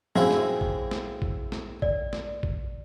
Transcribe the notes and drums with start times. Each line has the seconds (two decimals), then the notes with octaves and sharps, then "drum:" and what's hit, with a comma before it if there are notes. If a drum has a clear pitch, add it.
0.16 A#1 F#2 C4 E4 G#4
0.31 drum: snare
0.61 drum: kick A1
0.91 drum: snare
1.22 drum: kick A1
1.52 drum: snare
1.82 D5, drum: kick A1
2.13 drum: snare
2.43 drum: kick A1